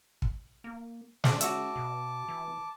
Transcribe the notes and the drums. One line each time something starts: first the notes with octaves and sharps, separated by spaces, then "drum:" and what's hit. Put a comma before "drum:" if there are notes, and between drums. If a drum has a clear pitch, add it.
drum: kick
A#3
C#4 D4 C5 D5, drum: snare
F#4 C#5 E5 A5 D6, drum: hi-hat
B2
E3